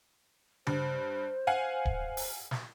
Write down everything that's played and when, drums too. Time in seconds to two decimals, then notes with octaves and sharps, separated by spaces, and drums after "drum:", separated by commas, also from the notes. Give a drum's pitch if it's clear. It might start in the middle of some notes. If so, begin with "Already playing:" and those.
0.67 G2 C5, drum: tom C#3
1.47 F5 F#5 G#5
1.85 drum: kick D1
2.17 drum: open hi-hat
2.51 drum: snare